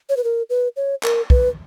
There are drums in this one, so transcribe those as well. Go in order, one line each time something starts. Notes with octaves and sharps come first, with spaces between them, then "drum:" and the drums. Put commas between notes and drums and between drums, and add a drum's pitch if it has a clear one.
C#5
B4
A#4
B4
C#5
A#4, drum: clap
B4, drum: kick